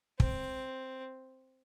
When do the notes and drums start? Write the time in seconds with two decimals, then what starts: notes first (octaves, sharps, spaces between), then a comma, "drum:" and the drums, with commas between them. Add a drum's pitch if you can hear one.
0.20 C4, drum: kick